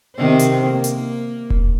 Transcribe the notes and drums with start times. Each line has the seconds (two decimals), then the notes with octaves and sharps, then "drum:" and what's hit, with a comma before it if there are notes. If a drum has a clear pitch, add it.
0.17 C3 D#3 C5
0.39 drum: hi-hat
0.67 A#3
0.84 drum: hi-hat
1.50 drum: kick E1